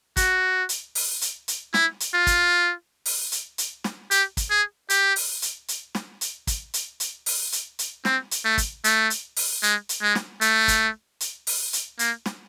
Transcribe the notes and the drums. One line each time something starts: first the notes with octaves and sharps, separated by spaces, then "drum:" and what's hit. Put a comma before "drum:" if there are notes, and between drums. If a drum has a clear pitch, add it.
F#4, drum: kick, hi-hat
drum: hi-hat
drum: open hi-hat
drum: hi-hat
drum: hi-hat
E4, drum: snare
drum: hi-hat
F4
drum: kick, hi-hat
drum: open hi-hat
drum: hi-hat
drum: hi-hat
drum: snare
G4, drum: hi-hat
drum: kick, hi-hat
G#4
G4, drum: hi-hat
drum: open hi-hat
drum: hi-hat
drum: hi-hat
drum: snare
drum: hi-hat
drum: kick, hi-hat
drum: hi-hat
drum: hi-hat
drum: open hi-hat
drum: hi-hat
drum: hi-hat
C4, drum: snare
drum: hi-hat
A3
drum: kick, hi-hat
A3, drum: hi-hat
drum: hi-hat
drum: open hi-hat
G#3, drum: hi-hat
drum: hi-hat
G#3
drum: snare
A3, drum: hi-hat
drum: kick, hi-hat
drum: hi-hat
drum: open hi-hat
drum: hi-hat
A#3, drum: hi-hat
drum: snare